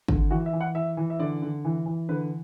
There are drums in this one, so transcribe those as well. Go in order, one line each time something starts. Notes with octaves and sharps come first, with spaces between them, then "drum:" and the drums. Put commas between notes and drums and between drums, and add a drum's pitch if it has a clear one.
D3, drum: kick
E3 F#4
E5
E3
F#5
E3 E5
E3
E5
D3 D5
D3
E3
E3
D3 B4